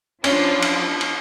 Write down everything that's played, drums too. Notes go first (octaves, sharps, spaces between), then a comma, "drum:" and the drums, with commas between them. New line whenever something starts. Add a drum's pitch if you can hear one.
F3 C#4 D4 F4, drum: cymbal
drum: cymbal
drum: cymbal